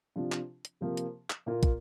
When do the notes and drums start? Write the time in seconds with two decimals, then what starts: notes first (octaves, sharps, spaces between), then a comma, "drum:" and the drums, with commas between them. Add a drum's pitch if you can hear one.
0.16 C3 F3 D4 F4
0.32 drum: clap
0.65 drum: hi-hat
0.81 C3 F3 A#3
0.97 drum: hi-hat
1.30 drum: clap
1.46 A#2 A#3 F4
1.63 drum: kick, hi-hat